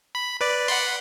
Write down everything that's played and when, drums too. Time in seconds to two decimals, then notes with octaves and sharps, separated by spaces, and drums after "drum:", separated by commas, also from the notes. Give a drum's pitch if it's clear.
0.15 B5
0.41 B4 D5
0.68 F#5 B5 C6, drum: open hi-hat